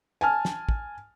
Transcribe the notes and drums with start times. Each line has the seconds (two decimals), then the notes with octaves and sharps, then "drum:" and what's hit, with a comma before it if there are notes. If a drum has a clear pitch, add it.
0.21 G#5 A5 F6
0.45 drum: snare
0.69 drum: kick